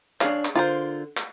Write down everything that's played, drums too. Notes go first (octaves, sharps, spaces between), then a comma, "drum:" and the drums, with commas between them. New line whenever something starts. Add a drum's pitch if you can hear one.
D4 G#4 C#5 F5, drum: clap
drum: clap
D3 F4 A#4 C5
drum: clap